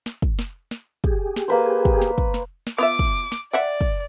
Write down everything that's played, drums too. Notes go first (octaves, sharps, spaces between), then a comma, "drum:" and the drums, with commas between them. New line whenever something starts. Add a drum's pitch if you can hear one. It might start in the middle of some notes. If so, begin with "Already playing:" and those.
drum: snare
drum: kick
drum: snare
drum: snare
G4 G#4, drum: kick
drum: snare
A#3 B4 C5
drum: kick
drum: snare
drum: kick
drum: snare
drum: snare
B3 F4 E5 D6
drum: kick
drum: snare
D5 E5 F#5 G5
drum: kick